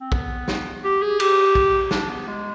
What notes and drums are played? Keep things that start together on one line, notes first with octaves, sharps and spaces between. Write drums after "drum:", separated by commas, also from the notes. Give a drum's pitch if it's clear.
C4
B3, drum: kick
drum: snare
G4
G#4
G4, drum: cymbal
drum: kick
D4, drum: snare
B3
G#3